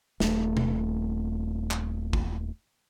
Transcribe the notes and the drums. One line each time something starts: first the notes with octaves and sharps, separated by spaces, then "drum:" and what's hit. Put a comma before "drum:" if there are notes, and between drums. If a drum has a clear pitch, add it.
D#1 A3, drum: snare
drum: tom B2
drum: clap
drum: kick